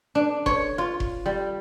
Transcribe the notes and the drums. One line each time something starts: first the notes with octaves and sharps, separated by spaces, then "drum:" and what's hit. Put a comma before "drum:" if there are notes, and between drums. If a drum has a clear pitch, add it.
D4
C#5, drum: kick F1
F4
drum: kick F1
G3